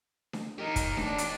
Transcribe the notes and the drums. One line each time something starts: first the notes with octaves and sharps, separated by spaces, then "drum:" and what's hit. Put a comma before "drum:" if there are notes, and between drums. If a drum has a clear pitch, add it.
drum: snare D4
D#4 G4 A#4 D#5
drum: kick, hi-hat
D4, drum: snare D4
drum: hi-hat